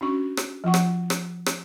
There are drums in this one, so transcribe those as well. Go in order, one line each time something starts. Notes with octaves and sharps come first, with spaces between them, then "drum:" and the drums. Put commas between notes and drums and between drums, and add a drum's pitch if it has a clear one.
C#4 D4 F#4 C#6
drum: rim click
F3 F4 F#5 C#6
drum: rim click
drum: rim click
drum: rim click